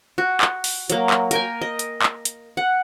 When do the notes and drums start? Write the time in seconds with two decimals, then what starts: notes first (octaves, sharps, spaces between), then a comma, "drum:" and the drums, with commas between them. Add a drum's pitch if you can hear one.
0.18 F#4
0.41 drum: clap
0.64 drum: open hi-hat
0.90 F#3 A#3, drum: hi-hat
1.10 drum: clap
1.31 A#4 G5 G#5, drum: hi-hat
1.62 D#5
1.79 drum: hi-hat
2.02 drum: clap
2.25 drum: hi-hat
2.57 F#5